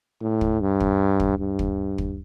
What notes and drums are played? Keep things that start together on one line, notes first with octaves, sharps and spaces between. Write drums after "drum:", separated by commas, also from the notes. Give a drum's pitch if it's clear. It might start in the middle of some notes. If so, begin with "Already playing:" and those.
A2
drum: kick
G2
drum: kick
drum: kick
G2
drum: kick
drum: kick